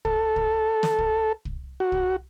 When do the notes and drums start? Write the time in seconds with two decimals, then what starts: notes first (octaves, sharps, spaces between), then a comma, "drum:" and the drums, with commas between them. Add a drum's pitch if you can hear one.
0.05 A4, drum: kick
0.36 drum: kick
0.83 drum: snare
0.98 drum: kick
1.45 drum: kick
1.80 F#4
1.92 drum: kick